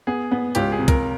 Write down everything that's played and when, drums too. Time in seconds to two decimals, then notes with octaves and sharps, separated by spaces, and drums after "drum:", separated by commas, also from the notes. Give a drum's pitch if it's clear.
0.07 B3 G#4
0.31 B3
0.55 C#2 G4, drum: hi-hat
0.72 G#4
0.79 C3
0.88 A#4, drum: kick, hi-hat